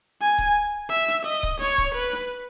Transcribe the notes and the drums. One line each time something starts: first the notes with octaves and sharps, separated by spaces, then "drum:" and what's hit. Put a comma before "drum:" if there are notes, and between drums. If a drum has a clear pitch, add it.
G#5
drum: kick C#1
E5
drum: snare
D#5
drum: kick C#1
C#5, drum: snare
drum: kick C#1
B4
drum: snare